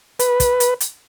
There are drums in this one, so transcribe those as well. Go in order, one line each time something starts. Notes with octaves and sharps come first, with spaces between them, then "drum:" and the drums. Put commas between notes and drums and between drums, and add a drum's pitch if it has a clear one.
B4, drum: hi-hat
drum: kick, hi-hat
drum: hi-hat
drum: hi-hat